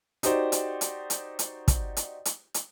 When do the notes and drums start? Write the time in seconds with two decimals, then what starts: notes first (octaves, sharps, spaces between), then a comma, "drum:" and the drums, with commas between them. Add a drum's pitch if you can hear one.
0.23 D#4 F#4 G4 C5 D5, drum: hi-hat
0.52 drum: hi-hat
0.81 drum: hi-hat
1.10 drum: hi-hat
1.39 drum: hi-hat
1.68 drum: kick, hi-hat
1.97 drum: hi-hat
2.25 drum: hi-hat
2.54 drum: hi-hat